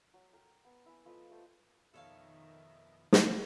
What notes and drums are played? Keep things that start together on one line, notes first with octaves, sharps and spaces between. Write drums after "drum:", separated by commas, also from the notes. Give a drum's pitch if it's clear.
F#3
A#4 G5
B3
E4 G#5
F3 A3 B4 D#5
A3 A4 C5 G5
F2 B2 D#3 A4 C#5 E5 F5
drum: snare